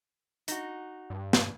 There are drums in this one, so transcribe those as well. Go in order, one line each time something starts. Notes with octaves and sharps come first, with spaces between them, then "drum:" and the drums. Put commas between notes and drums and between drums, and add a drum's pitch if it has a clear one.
D#4 F#4, drum: hi-hat
G2
drum: snare